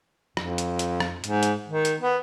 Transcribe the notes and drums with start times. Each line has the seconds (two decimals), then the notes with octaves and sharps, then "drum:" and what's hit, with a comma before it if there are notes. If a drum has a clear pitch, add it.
0.37 F2, drum: rim click
0.58 drum: hi-hat
0.79 drum: hi-hat
1.00 drum: rim click
1.24 G#2, drum: hi-hat
1.43 drum: hi-hat
1.68 D#3
1.85 drum: hi-hat
2.00 B3